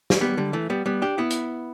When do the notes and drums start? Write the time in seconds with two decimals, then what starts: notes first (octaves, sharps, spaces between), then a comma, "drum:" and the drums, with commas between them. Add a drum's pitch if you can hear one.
0.10 drum: snare
0.21 G3 B3
0.37 D3 G3
0.53 E3 A3
0.70 G3 B3
0.86 G3 B3
1.02 D4 G4
1.18 B3 E4
1.30 drum: hi-hat